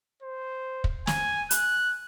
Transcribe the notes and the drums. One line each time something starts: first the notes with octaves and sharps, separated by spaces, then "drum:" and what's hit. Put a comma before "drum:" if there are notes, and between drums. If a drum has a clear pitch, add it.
C5
drum: kick
G#5, drum: snare
F#6, drum: hi-hat